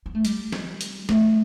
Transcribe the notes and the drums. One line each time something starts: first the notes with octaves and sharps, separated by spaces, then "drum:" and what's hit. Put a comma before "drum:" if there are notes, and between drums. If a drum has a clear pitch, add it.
B3
A3
G3, drum: hi-hat
drum: snare
drum: hi-hat
A3, drum: snare